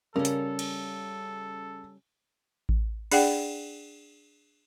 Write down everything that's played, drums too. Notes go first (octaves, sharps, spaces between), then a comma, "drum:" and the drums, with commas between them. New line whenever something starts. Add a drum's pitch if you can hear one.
C#3 G3 C#4 A4 A#4
drum: hi-hat
drum: cymbal
drum: kick A1
D4 G#4 D5 F#5 G5, drum: cymbal